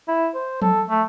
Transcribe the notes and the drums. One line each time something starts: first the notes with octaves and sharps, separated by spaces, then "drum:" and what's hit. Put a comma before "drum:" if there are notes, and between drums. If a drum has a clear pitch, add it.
E4
C5
A4, drum: tom F3
A3